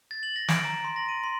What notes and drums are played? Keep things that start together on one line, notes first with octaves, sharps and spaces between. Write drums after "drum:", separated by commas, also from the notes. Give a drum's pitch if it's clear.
A6
F#7
A#6
D7, drum: snare
A#5
C6
A#6
D#7
C6